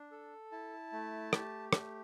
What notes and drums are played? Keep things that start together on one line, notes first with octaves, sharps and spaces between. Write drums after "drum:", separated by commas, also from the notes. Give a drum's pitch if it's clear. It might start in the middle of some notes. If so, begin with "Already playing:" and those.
Already playing: D4
A4
E4 A5
A3
G4, drum: rim click
A3, drum: rim click